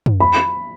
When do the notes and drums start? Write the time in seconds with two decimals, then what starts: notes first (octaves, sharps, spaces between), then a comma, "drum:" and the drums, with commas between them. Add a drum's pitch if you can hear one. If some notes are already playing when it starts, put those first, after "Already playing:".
0.06 drum: tom
0.20 B5